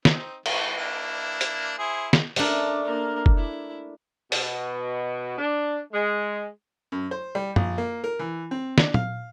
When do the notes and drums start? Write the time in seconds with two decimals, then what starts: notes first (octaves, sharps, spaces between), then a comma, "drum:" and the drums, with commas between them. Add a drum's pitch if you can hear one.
0.05 C4 D#4, drum: snare
0.46 E3 A3 F#4, drum: cymbal
0.77 A#3 D4 E4
1.41 drum: hi-hat
1.79 E4 G#4 C5
2.13 drum: snare
2.36 A3 D4 A#4, drum: open hi-hat
2.84 A#3 A#4
3.26 drum: kick
3.37 E4
4.32 B2, drum: open hi-hat
5.38 D4
5.93 G#3
6.92 F#2
7.11 C5
7.35 G3
7.56 A#1, drum: tom
7.78 A#3
8.04 A#4
8.19 E3
8.51 C4
8.78 D4, drum: snare
8.94 F5, drum: tom